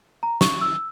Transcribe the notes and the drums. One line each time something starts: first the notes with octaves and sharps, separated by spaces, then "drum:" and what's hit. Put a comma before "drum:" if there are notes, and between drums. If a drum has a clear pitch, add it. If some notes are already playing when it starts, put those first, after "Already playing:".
A#5
C#6, drum: snare
E6